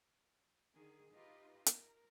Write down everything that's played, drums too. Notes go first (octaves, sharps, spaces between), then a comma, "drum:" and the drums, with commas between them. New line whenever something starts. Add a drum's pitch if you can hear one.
D3 D#3 G#4
D#4 F4 G4 B4 D#5
A#4, drum: hi-hat